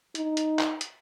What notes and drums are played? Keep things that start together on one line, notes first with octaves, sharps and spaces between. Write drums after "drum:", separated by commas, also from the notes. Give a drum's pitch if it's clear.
D#4, drum: hi-hat
drum: hi-hat
drum: clap
drum: hi-hat